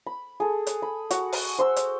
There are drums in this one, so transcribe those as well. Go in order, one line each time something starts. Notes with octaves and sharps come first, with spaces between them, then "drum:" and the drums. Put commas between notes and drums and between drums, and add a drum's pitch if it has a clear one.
B5
G#4 A4
drum: hi-hat
B5
F#4, drum: hi-hat
drum: open hi-hat
C5 C6 E6
drum: hi-hat